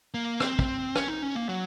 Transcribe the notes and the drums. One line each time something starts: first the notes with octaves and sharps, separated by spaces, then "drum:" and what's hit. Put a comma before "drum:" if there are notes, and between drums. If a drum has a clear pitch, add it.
A#3
C4, drum: rim click
drum: kick
C#4, drum: rim click
D#4
C#4
A#3
F#3